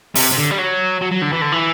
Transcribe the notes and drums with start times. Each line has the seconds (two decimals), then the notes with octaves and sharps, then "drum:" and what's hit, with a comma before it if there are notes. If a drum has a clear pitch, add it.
0.15 C3, drum: open hi-hat
0.31 C3
0.37 D3
0.51 G3
0.58 F#3
1.01 F#3
1.11 F#3
1.22 D3
1.33 E3
1.41 D3
1.52 E3